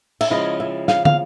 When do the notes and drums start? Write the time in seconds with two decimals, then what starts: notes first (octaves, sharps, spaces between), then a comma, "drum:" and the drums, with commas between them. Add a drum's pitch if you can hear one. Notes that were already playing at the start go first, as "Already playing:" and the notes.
0.21 E5, drum: cymbal
0.30 C#3 F3 G#3 C#4 E4 D#5
0.60 E5
0.88 F5, drum: snare
1.05 F5, drum: tom